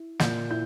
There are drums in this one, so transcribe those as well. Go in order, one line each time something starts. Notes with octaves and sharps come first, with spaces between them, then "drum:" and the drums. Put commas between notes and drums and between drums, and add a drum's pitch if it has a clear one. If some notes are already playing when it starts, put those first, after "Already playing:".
Already playing: E4
A#2 G6, drum: snare
E4 G6